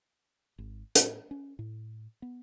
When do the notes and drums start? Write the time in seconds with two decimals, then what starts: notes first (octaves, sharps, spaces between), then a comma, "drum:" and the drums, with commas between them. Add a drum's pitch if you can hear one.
0.58 G#1
0.95 A2, drum: hi-hat
1.31 C#4
1.59 A2
2.22 B3